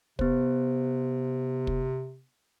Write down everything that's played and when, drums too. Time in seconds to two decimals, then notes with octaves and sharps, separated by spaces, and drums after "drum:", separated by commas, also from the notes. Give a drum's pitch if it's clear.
0.19 C3 B3 C5, drum: kick
1.67 drum: kick